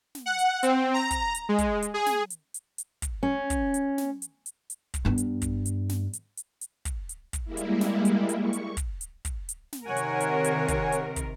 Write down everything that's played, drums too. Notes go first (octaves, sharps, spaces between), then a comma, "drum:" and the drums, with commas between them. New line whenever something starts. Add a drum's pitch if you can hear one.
drum: snare
F#5
drum: hi-hat
C4, drum: hi-hat
A#5
drum: kick, hi-hat
drum: hi-hat
G#3
drum: kick, hi-hat
drum: hi-hat
G#4
drum: snare
drum: hi-hat
drum: hi-hat
drum: hi-hat
drum: kick, hi-hat
C#4
drum: kick, hi-hat
drum: hi-hat
drum: snare
drum: hi-hat
drum: hi-hat
drum: hi-hat
drum: kick, hi-hat
G2 B3
drum: hi-hat
drum: kick, hi-hat
drum: hi-hat
drum: snare
drum: hi-hat
drum: hi-hat
drum: hi-hat
drum: kick, hi-hat
drum: hi-hat
drum: kick, hi-hat
G3 G#3 A#3 E4
drum: hi-hat
drum: snare
drum: hi-hat
drum: hi-hat
C#6
drum: hi-hat
drum: kick, hi-hat
drum: hi-hat
drum: kick, hi-hat
drum: hi-hat
drum: snare
C3 D#3 A#4 C#5 F#5 G#5
drum: hi-hat
drum: hi-hat
drum: hi-hat
drum: kick, hi-hat
drum: hi-hat
drum: kick, hi-hat